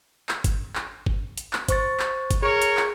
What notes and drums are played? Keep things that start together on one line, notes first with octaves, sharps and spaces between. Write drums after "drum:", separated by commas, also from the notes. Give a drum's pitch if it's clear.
drum: clap
drum: kick, hi-hat
drum: clap
drum: kick
drum: hi-hat
drum: clap
C5 C#6 A6, drum: kick, hi-hat
drum: clap
drum: kick, hi-hat
G#4 A#4 C#5
drum: hi-hat
drum: clap